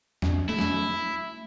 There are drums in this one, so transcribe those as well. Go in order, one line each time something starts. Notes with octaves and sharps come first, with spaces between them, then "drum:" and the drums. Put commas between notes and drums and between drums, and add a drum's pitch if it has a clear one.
F2, drum: snare
A3 E4
drum: snare